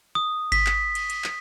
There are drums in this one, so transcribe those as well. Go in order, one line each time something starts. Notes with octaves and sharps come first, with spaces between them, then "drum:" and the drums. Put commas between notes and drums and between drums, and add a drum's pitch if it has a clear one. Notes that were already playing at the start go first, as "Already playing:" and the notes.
D#6
B6, drum: kick G1, cymbal
drum: clap
drum: cymbal
drum: cymbal
drum: clap